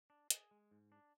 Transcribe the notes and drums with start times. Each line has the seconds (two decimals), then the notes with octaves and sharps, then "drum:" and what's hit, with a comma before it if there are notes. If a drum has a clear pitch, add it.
0.10 D4
0.30 G#4, drum: hi-hat
0.51 G#3
0.71 G#2
0.92 D4